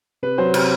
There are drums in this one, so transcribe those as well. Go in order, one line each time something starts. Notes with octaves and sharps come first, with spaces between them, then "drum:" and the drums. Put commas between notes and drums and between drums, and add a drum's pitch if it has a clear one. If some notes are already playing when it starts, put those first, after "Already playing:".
C3 B4
F#3 C5
C3, drum: cymbal